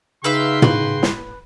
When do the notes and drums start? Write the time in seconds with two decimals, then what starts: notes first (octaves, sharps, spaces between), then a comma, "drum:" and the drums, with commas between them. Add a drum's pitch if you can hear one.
0.24 C#3 D#4 F#4 B4 E5 F5 G5 C6
0.62 B4, drum: tom
1.03 drum: snare